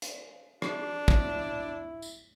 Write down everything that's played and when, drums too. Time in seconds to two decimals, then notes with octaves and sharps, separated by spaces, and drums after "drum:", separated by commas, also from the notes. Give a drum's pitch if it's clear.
0.02 drum: hi-hat
0.62 D4, drum: rim click
1.08 E4, drum: kick
2.02 drum: tambourine